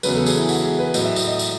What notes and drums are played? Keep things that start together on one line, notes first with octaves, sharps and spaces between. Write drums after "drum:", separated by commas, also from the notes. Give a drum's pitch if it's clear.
E2 C#3 F#3 B4, drum: tambourine
A4
G#4, drum: tambourine
E4
F#4, drum: tambourine
G#4
B4
A2 F#3 D#5, drum: tambourine
E5
D#5, drum: tambourine
D#5
D#5, drum: tambourine